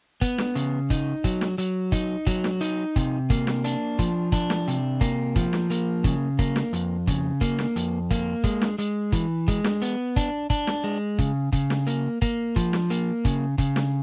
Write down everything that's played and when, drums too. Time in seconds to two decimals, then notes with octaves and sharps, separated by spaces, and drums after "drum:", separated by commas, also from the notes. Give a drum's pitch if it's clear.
0.21 B3, drum: kick, hi-hat
0.38 drum: snare
0.55 C#3, drum: hi-hat
0.90 D#4, drum: kick, hi-hat
1.24 F#3, drum: kick, hi-hat
1.41 drum: snare
1.58 F#3, drum: hi-hat
1.92 D#4, drum: kick, hi-hat
2.27 F#3, drum: kick, hi-hat
2.44 drum: snare
2.61 D#4, drum: hi-hat
2.96 C3, drum: kick, hi-hat
3.30 A#3, drum: kick, hi-hat
3.47 drum: snare
3.64 D4, drum: hi-hat
3.99 F3, drum: kick, hi-hat
4.32 D4, drum: kick, hi-hat
4.50 drum: snare
4.68 C3, drum: hi-hat
5.01 A#3, drum: kick, hi-hat
5.36 F3, drum: kick, hi-hat
5.53 drum: snare
5.70 A#3, drum: hi-hat
6.04 C#3, drum: kick, hi-hat
6.39 A#3, drum: kick, hi-hat
6.56 drum: snare
6.73 F2, drum: hi-hat
7.07 C#3, drum: kick, hi-hat
7.41 A#3, drum: kick, hi-hat
7.59 drum: snare
7.76 F2, drum: hi-hat
8.11 A#3, drum: kick, hi-hat
8.44 G#3, drum: kick, hi-hat
8.61 drum: snare
8.78 G#3, drum: hi-hat
9.12 E3, drum: kick, hi-hat
9.48 G#3, drum: kick, hi-hat
9.64 drum: snare
9.82 B3, drum: hi-hat
10.16 D4, drum: kick, hi-hat
10.50 D4, drum: kick, hi-hat
10.67 drum: snare
10.84 G#3
11.19 C#3, drum: kick, hi-hat
11.52 C#3, drum: kick, hi-hat
11.70 drum: snare
11.87 A#3, drum: hi-hat
12.22 A#3, drum: kick, hi-hat
12.56 F3, drum: kick, hi-hat
12.73 drum: snare
12.90 A#3, drum: hi-hat
13.25 C#3, drum: kick, hi-hat
13.58 C#3, drum: kick, hi-hat
13.76 drum: snare